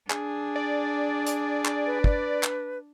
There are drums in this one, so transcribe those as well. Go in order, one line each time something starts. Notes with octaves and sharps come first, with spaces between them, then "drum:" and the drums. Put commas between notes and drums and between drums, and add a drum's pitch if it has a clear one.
D4 G#4, drum: clap
D5
drum: hi-hat
drum: clap
B4
drum: kick
drum: clap